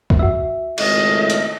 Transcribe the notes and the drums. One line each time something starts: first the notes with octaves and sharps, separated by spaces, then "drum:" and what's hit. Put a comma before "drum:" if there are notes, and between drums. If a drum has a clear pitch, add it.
drum: kick
F#4 E5
G#1 C#2 A2 D#5, drum: cymbal
drum: hi-hat